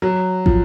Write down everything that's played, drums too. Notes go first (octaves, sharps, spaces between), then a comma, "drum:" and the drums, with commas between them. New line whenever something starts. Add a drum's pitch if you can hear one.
F#3
F3, drum: kick